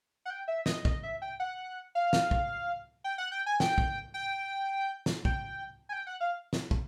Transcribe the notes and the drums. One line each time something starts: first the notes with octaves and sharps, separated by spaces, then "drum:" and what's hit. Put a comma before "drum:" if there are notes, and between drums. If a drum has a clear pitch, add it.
F#5
G5
E5
D#5, drum: snare
D#5, drum: kick
E5
G5
F#5
F5
drum: snare
drum: kick
G5
F#5
G5
G#5
G5, drum: snare
drum: kick
G5
drum: snare
G5, drum: kick
G#5
G5
F#5
F5
drum: snare
drum: kick